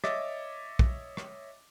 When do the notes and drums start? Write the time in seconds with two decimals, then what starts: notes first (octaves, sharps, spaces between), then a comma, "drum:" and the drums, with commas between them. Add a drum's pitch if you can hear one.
0.04 C#5 D#5 E5 D6 A6, drum: rim click
0.79 drum: kick
1.17 drum: rim click